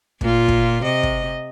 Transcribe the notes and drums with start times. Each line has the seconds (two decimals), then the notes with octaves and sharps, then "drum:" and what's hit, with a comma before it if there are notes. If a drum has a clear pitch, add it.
0.21 A#2 F4, drum: kick
0.48 drum: kick
0.83 C3 D#5
1.03 drum: kick